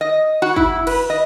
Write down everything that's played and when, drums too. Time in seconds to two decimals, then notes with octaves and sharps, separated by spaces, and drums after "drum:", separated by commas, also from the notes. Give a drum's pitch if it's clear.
0.01 D#5
0.42 F#4
0.56 E4, drum: kick
0.87 B4, drum: cymbal
1.10 D#5